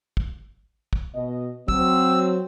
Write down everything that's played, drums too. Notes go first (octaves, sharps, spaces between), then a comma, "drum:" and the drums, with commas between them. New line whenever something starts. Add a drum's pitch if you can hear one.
drum: kick
drum: kick
B2 D#5
F#3 C4 E6, drum: kick